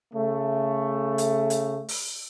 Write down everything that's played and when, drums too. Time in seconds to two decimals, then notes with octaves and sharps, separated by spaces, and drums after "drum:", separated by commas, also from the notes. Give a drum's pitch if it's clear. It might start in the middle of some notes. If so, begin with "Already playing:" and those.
0.14 C#3 A3
1.18 drum: hi-hat
1.50 drum: hi-hat
1.89 drum: open hi-hat